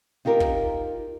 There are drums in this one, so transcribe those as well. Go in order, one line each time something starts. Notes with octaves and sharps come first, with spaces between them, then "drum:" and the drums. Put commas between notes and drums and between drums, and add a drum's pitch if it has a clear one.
D#4 F4 G4 A#4
drum: kick